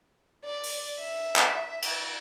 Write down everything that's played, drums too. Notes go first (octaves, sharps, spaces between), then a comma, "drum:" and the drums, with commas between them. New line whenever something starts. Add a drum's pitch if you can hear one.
D5
drum: open hi-hat
E5
drum: clap
drum: cymbal